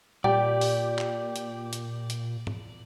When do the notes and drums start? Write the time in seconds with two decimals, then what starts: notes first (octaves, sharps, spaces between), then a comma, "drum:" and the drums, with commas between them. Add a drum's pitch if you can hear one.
0.24 A#2 G4 D5 G5, drum: tom G3
0.61 drum: open hi-hat
0.98 drum: clap
1.36 drum: hi-hat
1.73 drum: hi-hat
2.10 drum: hi-hat
2.47 drum: tom G#2